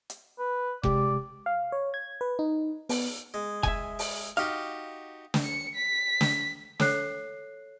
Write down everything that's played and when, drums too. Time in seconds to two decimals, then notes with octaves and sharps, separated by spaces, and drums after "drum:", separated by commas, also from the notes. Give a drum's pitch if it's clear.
0.10 drum: hi-hat
0.39 B4
0.83 C3 G#3 G4 D5, drum: kick F1
1.46 F5
1.72 C#5
1.94 G#6
2.21 B4
2.39 D#4
2.89 B3, drum: open hi-hat
3.34 G#3
3.63 E5 G#5, drum: kick F1
3.99 drum: open hi-hat
4.37 D#4 F#4 G4 F5
5.34 drum: snare
5.43 C#7
5.75 B6
6.21 drum: snare
6.80 A4 C#5 F#6 C7, drum: snare